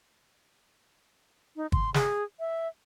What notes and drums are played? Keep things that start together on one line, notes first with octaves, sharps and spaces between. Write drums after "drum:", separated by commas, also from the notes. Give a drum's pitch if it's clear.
D#4
C6, drum: kick
G#4, drum: snare
E5